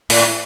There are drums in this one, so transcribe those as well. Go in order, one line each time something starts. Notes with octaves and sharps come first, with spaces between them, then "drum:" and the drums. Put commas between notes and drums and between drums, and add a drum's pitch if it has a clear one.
A2, drum: open hi-hat